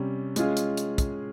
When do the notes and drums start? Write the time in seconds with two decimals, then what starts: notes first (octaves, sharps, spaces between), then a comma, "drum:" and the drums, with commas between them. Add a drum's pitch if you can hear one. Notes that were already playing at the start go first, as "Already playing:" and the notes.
Already playing: C3 G3 C#4
0.36 G#3 C#4 F4 G#4, drum: hi-hat
0.57 drum: hi-hat
0.77 drum: hi-hat
0.98 drum: kick, hi-hat